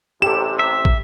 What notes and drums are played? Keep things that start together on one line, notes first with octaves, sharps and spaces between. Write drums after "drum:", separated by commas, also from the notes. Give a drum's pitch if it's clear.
A1 C3 G4 A4 E7
E5
drum: kick